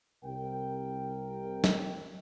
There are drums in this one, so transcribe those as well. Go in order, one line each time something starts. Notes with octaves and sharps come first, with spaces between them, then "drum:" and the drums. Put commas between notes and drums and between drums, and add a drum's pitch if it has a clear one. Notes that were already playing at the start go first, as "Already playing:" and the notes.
C2 C3 A#4 G5
drum: snare